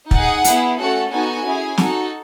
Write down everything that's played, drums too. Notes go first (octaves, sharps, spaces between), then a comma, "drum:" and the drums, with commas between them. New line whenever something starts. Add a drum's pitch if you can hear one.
D#4 G#4 F#5, drum: kick
B3 E4 G#4, drum: hi-hat
A3 C#4 F#4 A4 F#5
B3 D#4 F#4 A4 G#5
C#4 E4 G#4
D#4 F#4 A4, drum: snare